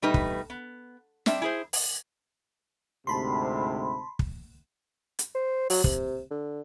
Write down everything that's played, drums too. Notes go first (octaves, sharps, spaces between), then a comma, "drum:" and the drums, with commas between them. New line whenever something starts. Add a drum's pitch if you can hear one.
B2 G3 A3 D#4 B4
drum: kick
B3
G3 C4 D4 E5, drum: snare
E4 G#4 C5
drum: open hi-hat
D2 G#2 C3 A5 B5 C6
drum: kick
drum: hi-hat
C5
F#3, drum: open hi-hat
C3, drum: kick
D3